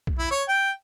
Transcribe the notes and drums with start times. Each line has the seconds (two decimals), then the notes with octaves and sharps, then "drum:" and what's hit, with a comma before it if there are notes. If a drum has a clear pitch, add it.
0.07 drum: kick B1
0.18 E4
0.31 C#5
0.48 G5